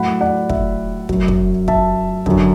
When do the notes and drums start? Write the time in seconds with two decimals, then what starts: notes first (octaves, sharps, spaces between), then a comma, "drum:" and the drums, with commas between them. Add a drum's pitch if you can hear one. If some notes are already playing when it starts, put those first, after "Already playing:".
Already playing: A2 F#3 F#5 B5
0.21 D5 F#5
0.50 E5, drum: kick
1.09 F#2 F#3, drum: kick
1.28 drum: kick
1.68 E5 A5, drum: kick
2.26 F#2 D3 F#3, drum: kick